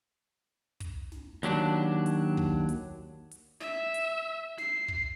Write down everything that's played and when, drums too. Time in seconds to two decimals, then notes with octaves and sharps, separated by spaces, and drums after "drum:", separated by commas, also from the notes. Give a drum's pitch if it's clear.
0.80 drum: kick, hi-hat
1.12 drum: snare
1.43 D#2 F#3 D4, drum: hi-hat
2.06 drum: hi-hat
2.37 drum: kick
2.69 drum: hi-hat
3.31 drum: hi-hat
3.60 E5, drum: snare
3.94 drum: hi-hat
4.58 C7, drum: snare
4.88 drum: kick